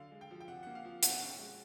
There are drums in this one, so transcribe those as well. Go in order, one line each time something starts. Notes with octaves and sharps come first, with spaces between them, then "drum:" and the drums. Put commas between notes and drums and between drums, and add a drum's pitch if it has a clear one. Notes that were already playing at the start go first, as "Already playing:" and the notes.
Already playing: D3 F#3 F5
G#3
G5
F3
G5
C3 F#5
A#3 F#5
F5
F3
B2 F#5, drum: hi-hat
C#4
G5
G#3